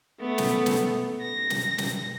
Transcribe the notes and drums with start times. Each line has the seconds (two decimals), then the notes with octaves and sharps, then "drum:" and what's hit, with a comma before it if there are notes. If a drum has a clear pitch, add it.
0.20 A3 B3
0.38 drum: snare
0.66 drum: snare
1.22 A#6
1.50 drum: snare
1.78 drum: snare